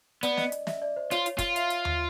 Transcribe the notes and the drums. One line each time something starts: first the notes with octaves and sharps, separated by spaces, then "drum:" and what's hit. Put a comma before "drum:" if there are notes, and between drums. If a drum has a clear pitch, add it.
B3 D5, drum: hi-hat
D#5, drum: snare
drum: hi-hat
E5, drum: snare
D5
C5
F4 C#5, drum: hi-hat
C#5, drum: hi-hat
F4, drum: kick, hi-hat
E5, drum: hi-hat
drum: hi-hat
drum: tom D#2